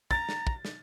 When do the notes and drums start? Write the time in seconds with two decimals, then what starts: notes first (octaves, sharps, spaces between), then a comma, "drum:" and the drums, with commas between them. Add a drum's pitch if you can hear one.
0.11 A#5 A6, drum: kick
0.29 drum: snare
0.47 drum: kick
0.65 drum: snare